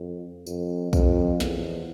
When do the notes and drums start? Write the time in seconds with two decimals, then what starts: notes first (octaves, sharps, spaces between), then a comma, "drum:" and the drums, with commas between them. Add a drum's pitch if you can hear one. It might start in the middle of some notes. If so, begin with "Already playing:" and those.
Already playing: F2
0.46 F2, drum: tambourine
0.93 F2, drum: kick, tambourine
1.40 E2, drum: snare